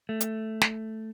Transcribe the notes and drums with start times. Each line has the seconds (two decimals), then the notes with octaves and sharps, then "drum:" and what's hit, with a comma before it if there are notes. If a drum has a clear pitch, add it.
0.09 A3
0.20 drum: hi-hat
0.61 drum: snare